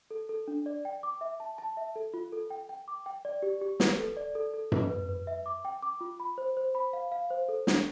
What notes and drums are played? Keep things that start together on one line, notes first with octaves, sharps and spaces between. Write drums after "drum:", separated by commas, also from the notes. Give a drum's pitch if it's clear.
A4
A4
D4
D5
G5
D6
E5
A5
A5
E5
A4
F4
A4
G5
G5
D6
G5
D5
G4
G4
B4, drum: snare
A4
D5
A4
A4
B4, drum: tom F#2
B4
B4
E5
D6
G5
D6
F4
B5
C5
C5
B5
F5
F5
C5
A4
D4, drum: snare